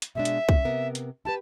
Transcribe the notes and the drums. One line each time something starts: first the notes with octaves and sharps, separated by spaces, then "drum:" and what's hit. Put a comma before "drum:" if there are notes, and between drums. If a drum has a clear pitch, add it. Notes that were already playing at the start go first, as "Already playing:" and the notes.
drum: hi-hat
B2 G#3 D4 E5
drum: hi-hat
C#4, drum: kick
C3 B3 A#4
drum: hi-hat
E4 G4 B4 A5